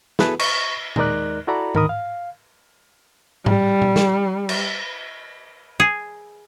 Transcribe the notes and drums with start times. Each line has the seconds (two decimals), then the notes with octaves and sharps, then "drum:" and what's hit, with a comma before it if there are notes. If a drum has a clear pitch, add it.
0.19 B3 E4 F#4 G#4 A4 B4, drum: snare
0.39 C#6, drum: cymbal
0.96 D#2 G#3 D#4 A#4 D5 F#6, drum: tom A#2
1.47 E4 F#4 A4 D5 A#5 B5
1.75 D2 D#3 A#4 B5 D#6, drum: tom G#2
1.89 F5
3.46 G3, drum: tom G#2
3.82 drum: tom A#2
3.96 drum: snare
4.49 drum: cymbal
5.80 G#4